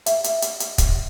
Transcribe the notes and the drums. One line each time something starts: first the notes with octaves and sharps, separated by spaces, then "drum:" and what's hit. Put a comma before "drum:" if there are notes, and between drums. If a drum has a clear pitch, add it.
E5, drum: hi-hat
drum: hi-hat
drum: hi-hat
drum: hi-hat
drum: kick C#1, hi-hat